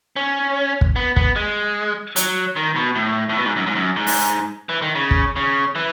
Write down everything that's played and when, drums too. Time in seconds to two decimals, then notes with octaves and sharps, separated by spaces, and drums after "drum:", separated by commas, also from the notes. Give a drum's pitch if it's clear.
0.16 C#4
0.81 drum: kick
0.96 B3
1.16 B3, drum: kick
1.36 G#3
2.16 F#3, drum: hi-hat
2.56 D#3
2.76 B2
2.95 A2
3.30 A2
3.36 B2
3.45 G#2
3.56 F#2
3.66 G#2
3.75 F#2
3.96 G#2
4.07 drum: open hi-hat
4.69 E3
4.82 D#3
4.95 C#3
5.11 drum: kick
5.36 C#3
5.76 E3